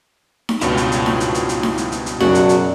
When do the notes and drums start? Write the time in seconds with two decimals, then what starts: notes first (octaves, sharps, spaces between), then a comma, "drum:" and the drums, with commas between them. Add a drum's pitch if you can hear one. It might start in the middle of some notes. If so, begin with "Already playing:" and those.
0.49 drum: snare D#4
0.61 C#2 G2 B2 F3 E4 F4 C#5, drum: hi-hat
0.77 drum: hi-hat
0.92 drum: hi-hat
1.06 drum: snare D#4
1.20 drum: hi-hat
1.35 drum: hi-hat
1.49 drum: hi-hat
1.63 drum: snare D#4
1.78 drum: hi-hat
1.92 drum: hi-hat
2.06 drum: hi-hat
2.20 B1 F#2 C#3 D4 F#4, drum: snare D#4
2.35 drum: hi-hat
2.49 drum: hi-hat